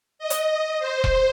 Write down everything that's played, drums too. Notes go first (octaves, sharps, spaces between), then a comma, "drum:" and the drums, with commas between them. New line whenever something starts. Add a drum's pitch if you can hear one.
D#5
drum: hi-hat
C5
drum: kick E1